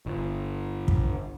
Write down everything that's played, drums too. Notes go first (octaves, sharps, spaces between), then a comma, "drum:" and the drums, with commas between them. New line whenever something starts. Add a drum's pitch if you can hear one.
G1
drum: kick